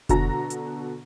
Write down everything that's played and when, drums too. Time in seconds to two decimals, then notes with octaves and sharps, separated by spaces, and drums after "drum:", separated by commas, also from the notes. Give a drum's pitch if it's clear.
0.09 B2 D3 F#4 A4 A#5 A#6, drum: kick F1, hi-hat
0.50 drum: hi-hat